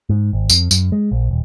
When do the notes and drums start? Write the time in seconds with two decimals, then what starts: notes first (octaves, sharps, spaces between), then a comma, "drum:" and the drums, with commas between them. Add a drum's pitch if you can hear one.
0.09 G#2
0.33 G#1
0.50 F2, drum: tambourine
0.71 F#2, drum: tambourine
0.92 G#3
1.12 A#1
1.31 D#1